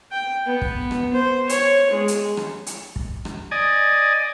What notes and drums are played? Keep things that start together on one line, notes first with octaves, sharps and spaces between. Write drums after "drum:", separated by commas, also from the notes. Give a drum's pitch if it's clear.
G5
B3
drum: kick
drum: rim click
C5
C#5, drum: hi-hat
G#3
drum: hi-hat
drum: rim click
drum: hi-hat
drum: kick
drum: rim click
D5 D#5 G#5